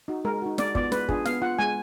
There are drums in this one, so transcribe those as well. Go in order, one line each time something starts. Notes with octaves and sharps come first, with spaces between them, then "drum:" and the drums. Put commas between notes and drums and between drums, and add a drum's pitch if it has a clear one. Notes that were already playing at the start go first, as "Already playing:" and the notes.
D#4 F#4
G#3 A#4
D#4 F#4
G#3 D5, drum: snare
B3 F4 D5, drum: kick
G#3 B4, drum: snare
D4 F4 G#4, drum: kick
B3 F5, drum: snare
F4 F#5
G#3 G#5